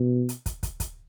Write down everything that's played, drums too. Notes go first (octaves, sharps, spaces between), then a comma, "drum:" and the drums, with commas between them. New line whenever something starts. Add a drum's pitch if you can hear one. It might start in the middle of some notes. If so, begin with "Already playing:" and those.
Already playing: B2
drum: hi-hat
drum: kick, hi-hat
drum: kick, hi-hat
drum: kick, hi-hat